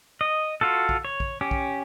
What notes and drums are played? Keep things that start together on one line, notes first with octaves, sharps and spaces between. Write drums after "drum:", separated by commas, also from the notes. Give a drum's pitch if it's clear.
D#5
F4 F#4 A4
drum: kick
C#5
drum: kick
C#4 G4
drum: kick